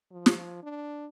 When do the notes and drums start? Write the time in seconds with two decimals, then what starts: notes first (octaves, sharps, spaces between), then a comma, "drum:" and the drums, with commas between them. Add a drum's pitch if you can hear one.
0.12 F3
0.26 drum: snare
0.63 D4